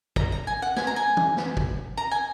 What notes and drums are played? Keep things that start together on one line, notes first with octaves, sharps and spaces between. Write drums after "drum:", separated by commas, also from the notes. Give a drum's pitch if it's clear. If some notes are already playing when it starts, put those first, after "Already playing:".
A#5, drum: kick
A#5
G#5
F#5
G#5, drum: snare
A#5
G#5
drum: tom E3
drum: snare
drum: kick
A#5
G#5